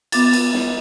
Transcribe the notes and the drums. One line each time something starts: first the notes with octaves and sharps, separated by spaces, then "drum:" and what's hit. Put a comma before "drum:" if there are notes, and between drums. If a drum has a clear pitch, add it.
B3 D6 A6, drum: cymbal
drum: cymbal
drum: snare